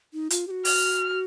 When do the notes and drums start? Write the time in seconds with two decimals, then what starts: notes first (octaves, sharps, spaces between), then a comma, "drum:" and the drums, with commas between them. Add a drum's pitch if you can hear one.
0.14 D#4
0.30 F4, drum: hi-hat
0.47 G4
0.51 F#4
0.65 F6, drum: open hi-hat